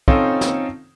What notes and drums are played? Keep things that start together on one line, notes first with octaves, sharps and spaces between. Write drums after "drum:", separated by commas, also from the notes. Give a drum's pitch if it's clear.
C4 C#4 D#4 F4 A4 C5, drum: kick
drum: snare